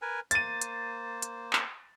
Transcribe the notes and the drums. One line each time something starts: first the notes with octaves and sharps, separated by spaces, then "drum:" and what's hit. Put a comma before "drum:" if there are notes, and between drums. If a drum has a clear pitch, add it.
A#4 B4 G#5
A#3 C5 A6 D#7, drum: hi-hat
drum: hi-hat
drum: hi-hat
drum: clap